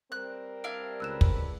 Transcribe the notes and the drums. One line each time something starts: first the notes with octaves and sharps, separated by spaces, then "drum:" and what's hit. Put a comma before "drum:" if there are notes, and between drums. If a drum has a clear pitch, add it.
G3 C4 A#4 F#6
D4 E4 F5 D7
C#2 B4 E6 F#6 E7
drum: kick